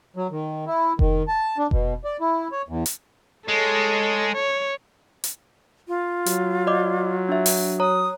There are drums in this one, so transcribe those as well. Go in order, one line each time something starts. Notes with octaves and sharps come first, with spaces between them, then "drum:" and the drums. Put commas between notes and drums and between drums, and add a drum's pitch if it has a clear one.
F#3
D#3
E4
D#3, drum: kick F1
A5
D4
B2, drum: kick F1
D5
E4
C#5
E2
drum: hi-hat
G#3 A4 C#5
C#5
drum: hi-hat
F4
F#3, drum: hi-hat
D5 D#5 D6
D4 E5
drum: open hi-hat
C#5 A#5 D#6